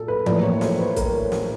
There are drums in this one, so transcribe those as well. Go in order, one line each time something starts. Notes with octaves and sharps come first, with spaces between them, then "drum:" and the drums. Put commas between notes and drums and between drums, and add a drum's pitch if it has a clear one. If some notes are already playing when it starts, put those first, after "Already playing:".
Already playing: A#2 A4
B4
A2 F3 A#3 D5, drum: tom E3
C#5
C5, drum: snare
B4
A#4, drum: kick, hi-hat
drum: snare